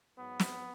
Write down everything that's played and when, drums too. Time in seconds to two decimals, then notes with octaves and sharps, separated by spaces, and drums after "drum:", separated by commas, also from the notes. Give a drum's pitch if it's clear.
0.18 G#2 F#3 B3
0.40 drum: snare